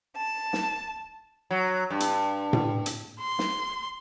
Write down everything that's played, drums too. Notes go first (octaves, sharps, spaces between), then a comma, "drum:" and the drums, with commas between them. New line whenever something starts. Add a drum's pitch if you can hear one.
A5
drum: snare
F#3
G2
drum: hi-hat
drum: tom A2
drum: hi-hat
C6
drum: snare